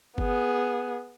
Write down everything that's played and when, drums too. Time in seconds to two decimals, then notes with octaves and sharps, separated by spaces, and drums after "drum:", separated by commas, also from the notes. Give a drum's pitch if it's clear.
0.18 B3 G#4, drum: kick G1